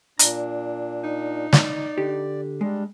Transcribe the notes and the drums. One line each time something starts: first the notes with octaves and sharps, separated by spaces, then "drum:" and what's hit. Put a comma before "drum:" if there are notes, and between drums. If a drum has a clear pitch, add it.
A#2 D4 A#5, drum: hi-hat
D#4
D5, drum: snare
D3 G4
G3 G#3 D4